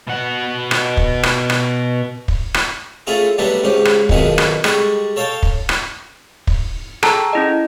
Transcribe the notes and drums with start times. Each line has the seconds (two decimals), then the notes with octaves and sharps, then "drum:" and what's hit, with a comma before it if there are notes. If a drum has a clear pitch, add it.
0.07 B2 F#5
0.71 drum: rim click
0.97 drum: kick
1.23 drum: rim click
1.50 drum: rim click
2.28 drum: kick
2.54 drum: rim click
3.07 A3 C#4 E4 F4 G#4 A4
3.38 F#3 G3 A3 B3 D4 E4
3.63 C#2 G#2 C#4 G4
3.85 drum: rim click
4.09 B1 F2 B2 D#3 E4 G#4, drum: kick
4.38 drum: rim click
4.64 G3 G#3 A4 C#6, drum: rim click
5.16 A4 C#5 F5 G5 A5
5.43 drum: kick
5.69 drum: rim click
6.47 drum: kick
7.03 G#4 A4 G5 A5 A#5 E6, drum: rim click
7.33 C#4 E4 D#5